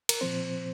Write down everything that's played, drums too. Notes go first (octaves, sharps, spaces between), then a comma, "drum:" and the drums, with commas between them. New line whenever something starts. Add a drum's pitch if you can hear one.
A#4, drum: cymbal
A#2 F3 C4 C5